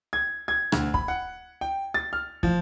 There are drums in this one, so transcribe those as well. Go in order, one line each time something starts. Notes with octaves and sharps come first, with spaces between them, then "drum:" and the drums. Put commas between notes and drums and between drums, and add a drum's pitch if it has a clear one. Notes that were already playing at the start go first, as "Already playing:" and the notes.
G#6
G#6
D2, drum: rim click
B5, drum: kick
F#5
G5
A6
F6
F3, drum: kick